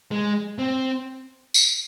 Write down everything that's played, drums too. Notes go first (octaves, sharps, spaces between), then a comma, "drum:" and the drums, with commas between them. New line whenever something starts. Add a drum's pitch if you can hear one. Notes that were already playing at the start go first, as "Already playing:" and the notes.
G#3
C4
drum: tambourine